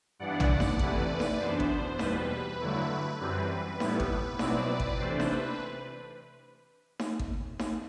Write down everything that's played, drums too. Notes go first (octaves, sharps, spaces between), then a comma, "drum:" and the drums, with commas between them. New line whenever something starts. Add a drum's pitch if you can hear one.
G2 E3 B3 D4 D5 F#5
drum: tom A#1
drum: snare D#4
E2 C3 E3 A3 E4 B4 D5, drum: kick G#1
drum: snare D#4
F#2 E3 B3 D4 C5
drum: kick G#1
E2 B2 G3 B4, drum: snare D#4
G2 D3 F#3 A3 E4
F#2 E3 G3 C4 B4
A2 G3 B3 E4, drum: snare D#4
drum: kick G#1
B2 F#3 C4 E4 B4 D5, drum: snare D#4
drum: kick G#1
C3 E3 A3 D4 C5
drum: snare D#4
B4
drum: snare D#4
drum: kick G#1
drum: snare D#4